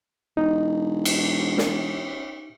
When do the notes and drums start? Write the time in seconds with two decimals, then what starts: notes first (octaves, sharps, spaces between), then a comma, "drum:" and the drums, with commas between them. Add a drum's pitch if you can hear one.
0.37 E1 D#4
1.05 drum: cymbal
1.58 drum: snare